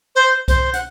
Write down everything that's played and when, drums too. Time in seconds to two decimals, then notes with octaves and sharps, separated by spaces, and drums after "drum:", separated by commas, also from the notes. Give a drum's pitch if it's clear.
0.15 C5
0.48 C5, drum: kick C2, hi-hat
0.73 F#5, drum: hi-hat